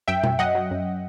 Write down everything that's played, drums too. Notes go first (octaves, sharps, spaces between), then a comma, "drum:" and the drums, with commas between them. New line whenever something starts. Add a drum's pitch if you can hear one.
F#2 E5 G5
F#2, drum: tom B2
F#3 D#5 F#5
F#3
F#2